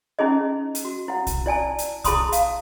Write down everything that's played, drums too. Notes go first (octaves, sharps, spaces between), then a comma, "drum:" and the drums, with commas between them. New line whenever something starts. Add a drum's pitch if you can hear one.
C#4 D#4 E4 G#4 D#5
drum: hi-hat
F#4
E4 F#5
drum: kick B1, hi-hat
E4 D5 G#5 A5
drum: hi-hat
E4 G#4 A5 B5 C6 D#6, drum: kick B1, hi-hat
F5, drum: hi-hat